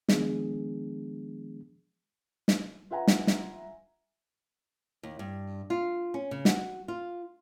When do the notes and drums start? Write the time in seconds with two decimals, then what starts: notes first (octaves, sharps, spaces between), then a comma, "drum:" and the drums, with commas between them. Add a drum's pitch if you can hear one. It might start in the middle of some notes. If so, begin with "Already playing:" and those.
0.09 D#3 F3 G#3 B3 D4 G#4, drum: snare
2.48 drum: snare
2.90 F4 B4 E5 F#5 G#5 A#5
3.07 drum: snare
3.27 drum: snare
5.03 D#2
5.19 G2
5.70 F4
6.14 C#4
6.31 C#3
6.45 F#4, drum: snare
6.88 F4